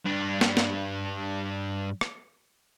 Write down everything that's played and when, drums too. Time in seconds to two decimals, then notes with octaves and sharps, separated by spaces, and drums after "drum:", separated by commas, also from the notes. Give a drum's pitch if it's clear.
0.05 G2 D4
0.41 drum: snare
0.57 drum: snare
2.01 drum: rim click